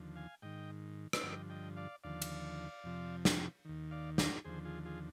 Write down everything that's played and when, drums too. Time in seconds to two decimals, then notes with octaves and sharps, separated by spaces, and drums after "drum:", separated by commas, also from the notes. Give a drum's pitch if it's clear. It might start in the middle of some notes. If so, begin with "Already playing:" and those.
Already playing: D#2 D3 F3
0.16 F5 G#5
0.42 G#2 D#3 D#5 G5
1.13 drum: rim click
1.23 G2 D3 F3 D#5 G5
1.50 D#5 G5
1.76 D5 F5
2.04 D#2 D3 F3 D5 F5
2.22 drum: cymbal
2.84 F2 C3 F3
3.25 drum: snare
3.65 D#2 D#3
3.91 D5 F5
4.18 A#4 D5, drum: snare
4.44 D#2 D3 F3 G#4 C5
4.65 F4 G#4
4.85 F4 G#4